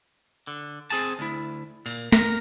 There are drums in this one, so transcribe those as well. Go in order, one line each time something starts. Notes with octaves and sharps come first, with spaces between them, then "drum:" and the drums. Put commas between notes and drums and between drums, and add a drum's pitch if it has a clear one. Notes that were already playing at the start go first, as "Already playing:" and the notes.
D3
C4 G#4 G#5 A5, drum: hi-hat
D2 E4
A#2, drum: open hi-hat
A#4 A#5, drum: snare